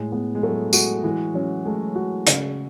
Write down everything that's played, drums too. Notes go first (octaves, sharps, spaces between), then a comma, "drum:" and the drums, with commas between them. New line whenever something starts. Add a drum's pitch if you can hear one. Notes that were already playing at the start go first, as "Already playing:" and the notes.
Already playing: A2 G#3
G#3 B3
G#3
F#3 A3
G#3 F#4, drum: tambourine
E3 G#3
F#3 C#4
G#3 A3
F#4
C#3, drum: hi-hat